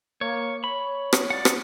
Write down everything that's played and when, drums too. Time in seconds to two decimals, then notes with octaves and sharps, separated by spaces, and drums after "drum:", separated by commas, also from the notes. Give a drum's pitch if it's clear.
0.21 A#3 C#5
0.64 C#5 B5
1.13 drum: rim click
1.30 D5 F#5
1.45 drum: rim click